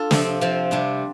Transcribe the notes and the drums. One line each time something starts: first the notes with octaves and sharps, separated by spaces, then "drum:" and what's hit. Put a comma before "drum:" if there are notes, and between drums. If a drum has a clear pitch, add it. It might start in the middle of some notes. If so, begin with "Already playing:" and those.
Already playing: D4 F4 A4
C3 F3 C4, drum: snare
C3 F3 C4
C3 G3 D4